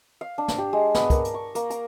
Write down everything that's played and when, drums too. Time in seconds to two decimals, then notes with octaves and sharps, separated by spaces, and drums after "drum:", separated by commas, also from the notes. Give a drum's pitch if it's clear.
0.21 F5
0.38 D4
0.48 drum: snare
0.58 G4
0.73 G#3
0.95 B3, drum: snare
1.10 A#4, drum: kick, hi-hat
1.25 drum: hi-hat
1.34 C#6
1.55 A#3, drum: hi-hat
1.70 A#5, drum: hi-hat